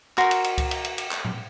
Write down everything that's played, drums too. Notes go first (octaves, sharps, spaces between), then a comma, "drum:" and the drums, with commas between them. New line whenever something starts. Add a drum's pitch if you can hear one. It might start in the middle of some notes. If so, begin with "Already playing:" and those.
F#4 A#4 A#5 C6, drum: clap
drum: cymbal
drum: cymbal
drum: kick C#2, cymbal
drum: cymbal
drum: cymbal
drum: cymbal
drum: clap
drum: tom A2